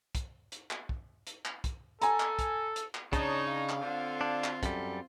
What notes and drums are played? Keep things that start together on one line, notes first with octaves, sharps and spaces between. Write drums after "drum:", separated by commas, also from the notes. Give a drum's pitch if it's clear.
drum: kick, hi-hat
drum: hi-hat
drum: clap
drum: kick
drum: hi-hat
drum: clap
drum: kick, hi-hat
A4 G#5 A#5, drum: hi-hat
drum: clap
drum: kick, hi-hat
drum: hi-hat
drum: clap
C#3 D4 D#4 C#5 A5, drum: kick, hi-hat
F5
drum: clap
D3 C4 F4
D4
drum: clap
F#2 G3 A4, drum: kick, hi-hat